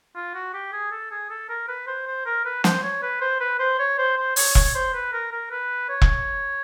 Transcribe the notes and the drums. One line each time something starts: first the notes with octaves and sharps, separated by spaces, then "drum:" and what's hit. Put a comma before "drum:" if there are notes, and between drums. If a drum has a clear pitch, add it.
F4
F#4
G4
G#4
A4
G#4
A4
A#4
B4
C5
C5
A#4
B4
C5, drum: snare
C#5
B4
C5
B4
C5
C#5
C5
C5
C#5, drum: open hi-hat
C#5, drum: kick E1
C5
B4
A#4
A#4
B4
C#5
drum: kick E1